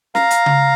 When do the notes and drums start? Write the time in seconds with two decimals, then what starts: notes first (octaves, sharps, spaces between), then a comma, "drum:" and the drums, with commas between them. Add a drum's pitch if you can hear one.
0.15 F5 A#5, drum: snare
0.31 drum: hi-hat
0.46 drum: tom C#3